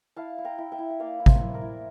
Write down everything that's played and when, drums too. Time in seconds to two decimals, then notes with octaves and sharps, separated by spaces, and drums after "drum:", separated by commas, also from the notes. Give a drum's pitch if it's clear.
0.16 E4 F5 A5
0.38 E4
0.45 G5 A#5
0.58 E4
0.72 E5 G5
0.78 E4
0.90 G5
1.00 A#3 D5 F5
1.20 E4
1.26 C5 E5, drum: kick
1.41 E4
1.54 A#4 D5
1.61 E4